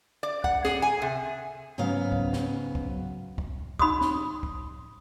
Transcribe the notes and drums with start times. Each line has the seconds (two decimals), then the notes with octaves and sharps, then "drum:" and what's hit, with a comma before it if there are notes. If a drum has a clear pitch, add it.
0.23 D5
0.44 F#5, drum: kick
0.65 G#4, drum: snare
0.82 G#5
1.02 C3
1.78 G#2 C#3 F#3 B3 F5
2.12 drum: kick
2.33 drum: snare
2.75 drum: kick
3.38 drum: kick
3.79 D#4 B5 C6 D#6, drum: kick
4.01 drum: snare
4.43 drum: kick